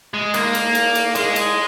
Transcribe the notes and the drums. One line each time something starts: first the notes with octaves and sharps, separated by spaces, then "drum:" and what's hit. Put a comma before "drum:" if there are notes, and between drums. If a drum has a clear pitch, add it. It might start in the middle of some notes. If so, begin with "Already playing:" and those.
G#3
A#3, drum: cymbal
drum: cymbal
drum: cymbal
drum: cymbal
G#3, drum: cymbal
drum: cymbal